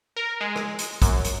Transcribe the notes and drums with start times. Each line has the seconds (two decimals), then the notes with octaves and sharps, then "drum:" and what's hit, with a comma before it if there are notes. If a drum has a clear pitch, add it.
0.16 A#4
0.41 G#3
0.56 drum: rim click
0.79 drum: hi-hat
1.02 F#2, drum: kick, hi-hat
1.25 drum: hi-hat